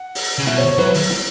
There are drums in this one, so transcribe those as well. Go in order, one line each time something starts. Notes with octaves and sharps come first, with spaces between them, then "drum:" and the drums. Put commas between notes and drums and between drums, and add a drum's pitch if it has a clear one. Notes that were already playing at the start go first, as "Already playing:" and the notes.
Already playing: F#5
drum: open hi-hat
C#3
B2 E5, drum: snare
C#5
C#5
F#3 B4, drum: snare
drum: open hi-hat
drum: snare